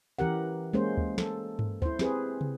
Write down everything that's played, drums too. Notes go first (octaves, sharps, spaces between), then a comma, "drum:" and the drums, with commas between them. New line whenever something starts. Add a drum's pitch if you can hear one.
E3 C#4 G4 A#4 F#5
G#3 A#3 C#4 C5
drum: kick
A4, drum: snare
drum: tom G2
E4 C5, drum: kick
C4 G4 G#4 B4 C5, drum: snare
drum: tom